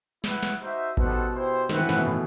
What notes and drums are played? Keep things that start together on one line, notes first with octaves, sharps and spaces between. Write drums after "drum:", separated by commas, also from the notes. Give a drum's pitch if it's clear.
E4 B4 F#5, drum: snare
drum: snare
D#4 F#4 C5 E5
B2 G3 D#4 A4 C5 F#5, drum: kick A1
E4 G4 C5
D#3 C4 E4 B4 F#5, drum: snare
E3
A2, drum: snare
B2
A2